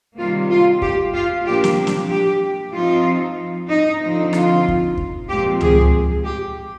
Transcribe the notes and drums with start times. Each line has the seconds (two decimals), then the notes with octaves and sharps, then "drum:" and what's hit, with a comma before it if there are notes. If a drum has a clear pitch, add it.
0.18 C3 D#3 G3 A#3 F4
0.50 F4
0.82 G4, drum: kick
1.14 F4
1.45 A#2 F3 A#3 D4 G4
1.64 drum: snare
1.87 drum: snare
2.09 G4
2.73 F3 C4 D#4 F4
3.69 D#4
4.01 D3 F3 C4 D#4
4.33 F4, drum: rim click
4.68 drum: kick
4.97 drum: kick
5.28 A#2 F3 G#3 C4 G4
5.61 G#4, drum: tom C#2
6.24 G4